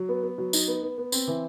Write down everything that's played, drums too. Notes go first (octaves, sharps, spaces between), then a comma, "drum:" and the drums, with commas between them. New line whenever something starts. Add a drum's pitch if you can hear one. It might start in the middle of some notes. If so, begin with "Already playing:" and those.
Already playing: F#3
B3
B3
F#3
D#4, drum: tambourine
B3
B3
B3
C4, drum: tambourine
E3